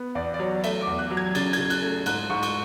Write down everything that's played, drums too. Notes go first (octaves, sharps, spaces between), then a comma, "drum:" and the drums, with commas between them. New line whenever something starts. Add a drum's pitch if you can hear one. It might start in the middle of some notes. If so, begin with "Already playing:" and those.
Already playing: B3
E2 D5
D5
F#3 C#5
A3 E5, drum: cymbal
D6
E2
F#6
F#3
G#6
C#3 A6, drum: cymbal
G#6, drum: cymbal
C#3
F#6, drum: cymbal
A3
G#2 F#6, drum: cymbal
G#2 C#6
C#6, drum: cymbal